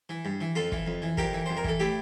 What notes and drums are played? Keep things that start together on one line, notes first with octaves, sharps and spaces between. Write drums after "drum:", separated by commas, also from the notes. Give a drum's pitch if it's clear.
E3
G2
E3
F2 F4 A4
E3, drum: kick
F2
E3
F2 G4 A#4, drum: kick
E3
F2 C5
A#4
E3 A4, drum: kick
A2 E4 G4